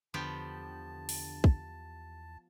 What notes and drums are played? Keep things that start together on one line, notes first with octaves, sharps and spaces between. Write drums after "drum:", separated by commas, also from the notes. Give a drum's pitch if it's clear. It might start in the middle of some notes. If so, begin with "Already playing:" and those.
E2 D3 F3 B3 G4 A5
drum: open hi-hat
drum: kick